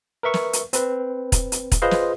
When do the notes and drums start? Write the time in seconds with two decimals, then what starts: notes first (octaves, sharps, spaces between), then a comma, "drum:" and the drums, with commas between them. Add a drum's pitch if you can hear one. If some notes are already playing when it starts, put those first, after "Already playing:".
0.23 A#4 B4 E5 C#6
0.34 drum: snare
0.53 drum: hi-hat
0.73 C4 B4, drum: hi-hat
1.32 drum: kick, hi-hat
1.52 drum: hi-hat
1.72 drum: kick, hi-hat
1.82 F4 G#4 B4 C5 D#5 F5
1.91 drum: snare